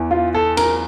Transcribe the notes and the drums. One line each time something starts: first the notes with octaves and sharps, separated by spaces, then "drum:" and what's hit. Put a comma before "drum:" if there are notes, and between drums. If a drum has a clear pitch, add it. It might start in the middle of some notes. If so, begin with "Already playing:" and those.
Already playing: E2 E3
F4
A4
A#4, drum: cymbal